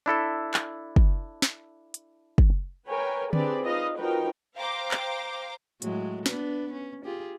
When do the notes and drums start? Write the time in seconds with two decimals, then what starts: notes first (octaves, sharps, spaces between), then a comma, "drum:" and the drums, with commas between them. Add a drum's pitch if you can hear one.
0.06 D4 E4 A4 E5
0.54 drum: clap
0.96 drum: kick
1.42 drum: snare
1.94 drum: hi-hat
2.38 drum: kick
2.88 A#4 B4 C#5 G5 G#5
3.33 C4 D4 G4 G#4 B4 D5, drum: tom D3
3.62 D#4 F4 B4 D#5 F5
3.99 F3 D#4 F#4 A#4 B4 G5
4.56 C5 F5 G5 A#5 C6 D6
4.91 drum: clap
5.82 A2 F#3 G#3, drum: hi-hat
6.26 B3 D4 B4, drum: snare
6.73 C#4
7.05 F4 G4 G#4